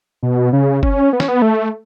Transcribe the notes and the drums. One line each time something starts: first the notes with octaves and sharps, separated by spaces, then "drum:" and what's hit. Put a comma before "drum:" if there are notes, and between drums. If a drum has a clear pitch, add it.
B2
C#3
C#4, drum: kick F#1
B3
C#4, drum: snare
B3
A3